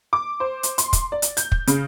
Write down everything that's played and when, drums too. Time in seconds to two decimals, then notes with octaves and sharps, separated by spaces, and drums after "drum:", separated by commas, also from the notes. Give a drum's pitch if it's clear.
0.13 D6
0.40 C5
0.63 drum: hi-hat
0.78 C6, drum: hi-hat
0.93 drum: kick, hi-hat
1.12 D5
1.22 drum: hi-hat
1.37 G6, drum: hi-hat
1.52 drum: kick
1.67 C#3, drum: hi-hat